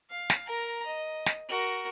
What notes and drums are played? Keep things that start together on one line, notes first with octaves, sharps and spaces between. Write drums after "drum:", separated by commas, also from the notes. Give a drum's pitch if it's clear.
F5
drum: snare
A#4 A#5
D#5
drum: snare
F#4 A#4